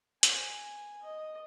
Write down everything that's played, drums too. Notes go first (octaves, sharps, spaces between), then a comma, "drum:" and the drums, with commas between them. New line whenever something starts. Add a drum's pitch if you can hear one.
G#5, drum: hi-hat
D#5